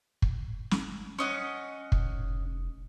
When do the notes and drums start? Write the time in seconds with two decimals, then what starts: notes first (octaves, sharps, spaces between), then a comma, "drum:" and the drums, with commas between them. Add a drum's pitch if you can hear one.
0.22 drum: kick
0.71 drum: snare
1.19 C#4 D#5 F#5
1.92 F1, drum: kick